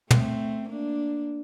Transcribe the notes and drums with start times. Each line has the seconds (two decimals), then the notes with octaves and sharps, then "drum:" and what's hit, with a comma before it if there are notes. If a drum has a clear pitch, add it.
0.11 A3 C4, drum: tom
0.69 A#3 D4